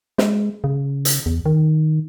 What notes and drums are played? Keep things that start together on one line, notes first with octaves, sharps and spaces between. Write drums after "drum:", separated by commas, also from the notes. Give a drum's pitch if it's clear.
G#3, drum: snare
C#3
drum: hi-hat
E2
D#3